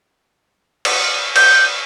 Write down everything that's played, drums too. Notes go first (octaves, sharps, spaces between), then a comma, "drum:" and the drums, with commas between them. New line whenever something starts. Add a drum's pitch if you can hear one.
drum: cymbal
G6, drum: cymbal